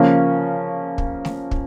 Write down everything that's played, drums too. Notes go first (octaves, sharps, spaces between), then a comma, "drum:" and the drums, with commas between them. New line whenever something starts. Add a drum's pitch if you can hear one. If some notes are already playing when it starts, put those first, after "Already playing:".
Already playing: C#3 F3 A#3 C#4
drum: kick
drum: snare A3
drum: kick